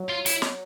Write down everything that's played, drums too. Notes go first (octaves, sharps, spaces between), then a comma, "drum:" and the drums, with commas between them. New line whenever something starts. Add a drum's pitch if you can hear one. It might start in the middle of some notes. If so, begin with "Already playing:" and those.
Already playing: F#3
F4
E4, drum: hi-hat
drum: snare